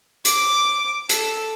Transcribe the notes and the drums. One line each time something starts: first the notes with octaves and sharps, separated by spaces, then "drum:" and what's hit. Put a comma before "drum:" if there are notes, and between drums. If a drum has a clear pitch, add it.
D6, drum: hi-hat
A4, drum: hi-hat